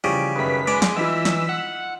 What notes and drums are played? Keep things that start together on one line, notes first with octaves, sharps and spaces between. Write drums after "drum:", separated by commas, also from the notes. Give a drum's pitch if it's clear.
C#3 E3 F3 G3
F#2 D#3 G#4 B4 B6
G#3 D5
drum: snare
E3 D#4 F4 E6 B6
drum: snare
F#5